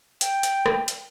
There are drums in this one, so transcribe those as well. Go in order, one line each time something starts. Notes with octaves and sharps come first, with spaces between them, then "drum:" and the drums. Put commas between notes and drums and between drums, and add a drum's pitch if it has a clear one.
G5, drum: hi-hat
drum: hi-hat
drum: rim click
drum: hi-hat